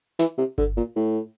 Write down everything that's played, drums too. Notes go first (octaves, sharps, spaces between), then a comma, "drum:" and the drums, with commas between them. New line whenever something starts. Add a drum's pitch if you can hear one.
E3, drum: snare
C3
D3, drum: kick G1
A#2
A2